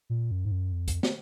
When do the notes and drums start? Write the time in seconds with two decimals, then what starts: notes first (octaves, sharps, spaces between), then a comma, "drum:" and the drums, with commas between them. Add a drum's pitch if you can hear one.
0.10 A#2
0.31 F#2
0.45 G#2
0.51 F#2
0.72 F2
0.88 drum: kick, hi-hat
1.03 drum: snare